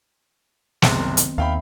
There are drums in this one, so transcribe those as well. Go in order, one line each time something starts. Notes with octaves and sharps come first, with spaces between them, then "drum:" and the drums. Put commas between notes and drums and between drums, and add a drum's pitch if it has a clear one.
F#1 C2 D#3 B3 C4, drum: snare
drum: hi-hat
D#2 E5 F5 G5 B5